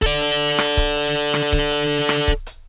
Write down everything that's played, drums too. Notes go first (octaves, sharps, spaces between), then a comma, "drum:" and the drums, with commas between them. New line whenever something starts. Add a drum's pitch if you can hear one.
A4 D5, drum: kick C#1, hi-hat
drum: hi-hat
drum: rim click
drum: kick C#1, hi-hat
drum: hi-hat
drum: rim click
drum: kick C#1, hi-hat
drum: hi-hat
drum: rim click
drum: kick C#1
drum: hi-hat